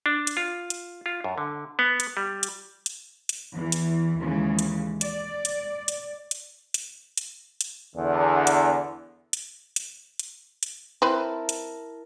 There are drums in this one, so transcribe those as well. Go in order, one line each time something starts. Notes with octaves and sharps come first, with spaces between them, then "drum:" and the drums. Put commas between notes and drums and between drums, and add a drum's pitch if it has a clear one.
D4
drum: hi-hat
F4
drum: hi-hat
F4
F#2
D3
B3
drum: hi-hat
G3
drum: hi-hat
drum: hi-hat
drum: hi-hat
E2 E3
drum: hi-hat
D#2 C#3 E3 G#3
drum: hi-hat
D5, drum: hi-hat
drum: hi-hat
drum: hi-hat
drum: hi-hat
drum: hi-hat
drum: hi-hat
drum: hi-hat
E2 D3
drum: hi-hat
drum: hi-hat
drum: hi-hat
drum: hi-hat
drum: hi-hat
C4 E4 A#4 B4 A5
drum: hi-hat